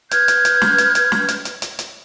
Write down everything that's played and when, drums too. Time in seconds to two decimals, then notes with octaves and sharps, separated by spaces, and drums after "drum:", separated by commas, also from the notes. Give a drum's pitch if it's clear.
0.11 B4 F6 G6 G#6, drum: hi-hat
0.28 drum: hi-hat
0.45 drum: hi-hat
0.62 drum: snare
0.78 drum: hi-hat
0.95 drum: hi-hat
1.12 drum: snare
1.28 drum: hi-hat
1.45 drum: hi-hat
1.62 drum: hi-hat
1.79 drum: hi-hat